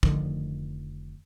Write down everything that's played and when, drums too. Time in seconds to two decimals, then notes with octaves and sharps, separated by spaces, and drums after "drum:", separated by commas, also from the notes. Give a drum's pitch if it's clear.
0.03 F1 D3 D#3 F3, drum: kick